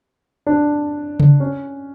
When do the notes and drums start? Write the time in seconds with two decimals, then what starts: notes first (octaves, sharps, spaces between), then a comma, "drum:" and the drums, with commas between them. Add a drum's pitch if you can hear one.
0.46 D4
1.20 drum: tom C#3
1.40 C#4